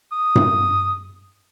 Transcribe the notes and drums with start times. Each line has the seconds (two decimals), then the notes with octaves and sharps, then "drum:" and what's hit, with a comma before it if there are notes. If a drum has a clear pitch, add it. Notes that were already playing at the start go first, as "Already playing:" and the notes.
0.12 D#6
0.35 drum: tom G2